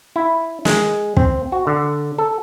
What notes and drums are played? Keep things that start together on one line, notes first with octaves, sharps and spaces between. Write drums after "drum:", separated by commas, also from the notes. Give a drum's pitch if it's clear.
E4
G#3, drum: snare
C4, drum: kick
F#4
D3
A4